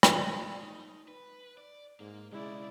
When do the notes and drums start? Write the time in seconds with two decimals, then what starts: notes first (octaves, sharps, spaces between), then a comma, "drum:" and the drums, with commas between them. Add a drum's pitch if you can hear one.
0.03 drum: rim click
0.16 D5
0.60 D#4
1.08 B4
1.58 D5
2.00 G#2 A#3
2.32 B1 C#3 G#3 E4 D5